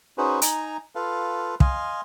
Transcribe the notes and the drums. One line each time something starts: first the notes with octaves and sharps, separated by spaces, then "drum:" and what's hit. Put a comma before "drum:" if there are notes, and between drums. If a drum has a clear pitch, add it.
C#4 D#4 F#4 G#4 B4 C5
D#4 G#5 A#5, drum: hi-hat
F4 A4 B4 F5
D#5 F5 G#5 C6, drum: kick